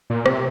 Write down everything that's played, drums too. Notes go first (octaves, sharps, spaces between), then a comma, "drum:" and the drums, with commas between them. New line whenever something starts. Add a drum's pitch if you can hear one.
A#2
C3, drum: rim click